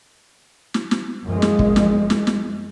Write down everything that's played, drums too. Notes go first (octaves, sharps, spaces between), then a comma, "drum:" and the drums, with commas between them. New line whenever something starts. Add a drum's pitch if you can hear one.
drum: snare
drum: snare
F#2 F3 G#3
drum: snare
drum: kick
drum: snare
drum: snare
drum: snare